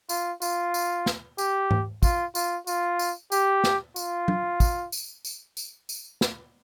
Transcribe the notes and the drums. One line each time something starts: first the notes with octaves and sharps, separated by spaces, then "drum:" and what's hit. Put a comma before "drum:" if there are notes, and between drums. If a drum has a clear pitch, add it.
F4, drum: tambourine
F4, drum: tambourine
drum: tambourine
drum: snare
G4, drum: tambourine
drum: tom G#2
F4, drum: kick, tambourine
F4, drum: tambourine
F4, drum: tambourine
drum: tambourine
G4, drum: tambourine
drum: snare
F4, drum: tambourine
drum: tom F#3
drum: kick, tambourine
drum: tambourine
drum: tambourine
drum: tambourine
drum: tambourine
drum: snare